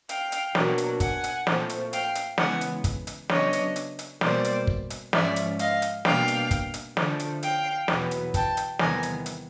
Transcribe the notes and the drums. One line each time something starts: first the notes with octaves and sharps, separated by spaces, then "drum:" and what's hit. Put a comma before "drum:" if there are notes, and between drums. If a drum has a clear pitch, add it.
F5 G5, drum: hi-hat
drum: hi-hat
B2 F#3 A#3 D4, drum: snare
drum: hi-hat
F#5 G#5, drum: kick, hi-hat
drum: hi-hat
A#2 F3 A3 C4, drum: snare
drum: hi-hat
F5 G5, drum: hi-hat
drum: hi-hat
C#3 E3 G#3 B3 F#5 G#5, drum: snare
drum: hi-hat
drum: kick, hi-hat
drum: hi-hat
C#3 F#3 B3 D4 C#5 D#5, drum: snare
drum: hi-hat
drum: hi-hat
drum: hi-hat
B2 G3 A#3 C5 D5, drum: snare
drum: hi-hat
drum: kick
drum: hi-hat
G#2 F3 G#3 C#4 D5 E5, drum: snare
drum: hi-hat
D#5 F5, drum: hi-hat
drum: hi-hat
B2 G3 A#3 D4 F5 G5, drum: snare
drum: hi-hat
drum: kick, hi-hat
drum: hi-hat
D3 F3 A3 D4, drum: snare
drum: hi-hat
F5 G5, drum: hi-hat
E2 B2 F#3 B3, drum: snare
drum: hi-hat
G5 A5, drum: kick, hi-hat
drum: hi-hat
E2 C3 D#3 G3 B3 G#5 A#5, drum: snare
drum: hi-hat
drum: hi-hat